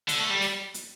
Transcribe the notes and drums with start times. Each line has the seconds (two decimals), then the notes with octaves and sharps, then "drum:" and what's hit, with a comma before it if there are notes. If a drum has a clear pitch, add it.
0.09 D3, drum: hi-hat
0.20 A3
0.31 G3
0.42 drum: open hi-hat
0.74 drum: hi-hat